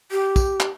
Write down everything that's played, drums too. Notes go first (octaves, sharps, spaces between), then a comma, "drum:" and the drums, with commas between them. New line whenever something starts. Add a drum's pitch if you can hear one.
G4
drum: kick, tambourine
drum: clap